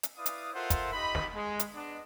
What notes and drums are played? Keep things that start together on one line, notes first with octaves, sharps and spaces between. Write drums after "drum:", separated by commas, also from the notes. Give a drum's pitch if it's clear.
drum: hi-hat
E4 B4 D5 F5 D#6
drum: hi-hat
F4 A4 A#4 C5 E5 F#5
drum: kick, hi-hat
D#4 G4 D#5 B5
drum: snare
G#3
drum: hi-hat
B3 D4 D#5